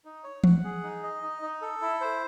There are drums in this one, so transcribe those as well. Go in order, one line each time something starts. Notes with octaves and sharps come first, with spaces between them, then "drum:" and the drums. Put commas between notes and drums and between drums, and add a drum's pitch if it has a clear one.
D#4
C#5
F#5, drum: tom E3
G#4
D#4
D#5
D#4
D#4
A4
E4
C5